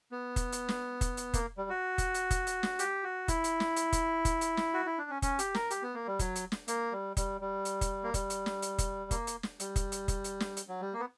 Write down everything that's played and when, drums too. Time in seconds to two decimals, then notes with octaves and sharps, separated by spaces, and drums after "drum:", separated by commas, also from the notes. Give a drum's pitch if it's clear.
0.12 B3
0.36 drum: kick F1, hi-hat
0.52 drum: hi-hat
0.69 drum: snare
1.01 drum: kick F1, hi-hat
1.17 drum: hi-hat
1.34 A#3, drum: kick F1, hi-hat
1.57 G3
1.70 F#4
1.98 drum: kick F1, hi-hat
2.14 drum: hi-hat
2.31 drum: kick F1, hi-hat
2.47 drum: hi-hat
2.63 drum: snare
2.79 G4, drum: hi-hat
3.03 F#4
3.28 E4, drum: kick F1, hi-hat
3.44 drum: hi-hat
3.60 drum: snare
3.76 drum: hi-hat
3.93 drum: kick F1, hi-hat
4.25 drum: kick F1, hi-hat
4.41 drum: hi-hat
4.57 drum: snare
4.74 F#4
4.86 E4
4.98 D4
5.10 C#4
5.22 C#4, drum: kick F1, hi-hat
5.39 G4, drum: hi-hat
5.55 A#4, drum: snare
5.70 G4, drum: hi-hat
5.83 B3
5.94 A#3
6.07 G3
6.19 F#3, drum: kick F1, hi-hat
6.35 drum: hi-hat
6.52 drum: snare
6.68 A#3, drum: hi-hat
6.92 G3
7.17 G3, drum: kick F1, hi-hat
7.41 G3
7.65 drum: hi-hat
7.81 drum: kick F1, hi-hat
8.04 A#3
8.14 G3, drum: kick F1, hi-hat
8.30 drum: hi-hat
8.46 drum: snare
8.62 drum: hi-hat
8.78 drum: kick F1, hi-hat
9.11 A#3, drum: kick F1, hi-hat
9.27 drum: hi-hat
9.43 drum: snare
9.60 G3, drum: hi-hat
9.76 drum: kick F1, hi-hat
9.92 drum: hi-hat
10.08 drum: kick F1, hi-hat
10.24 drum: hi-hat
10.40 drum: snare
10.57 drum: hi-hat
10.69 F#3
10.81 G3
10.93 A#3
11.00 B3